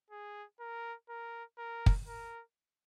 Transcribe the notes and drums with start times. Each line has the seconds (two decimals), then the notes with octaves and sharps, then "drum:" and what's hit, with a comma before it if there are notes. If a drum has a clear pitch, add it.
0.10 G#4
0.60 A#4
1.09 A#4
1.58 A#4
1.86 drum: kick
2.08 A#4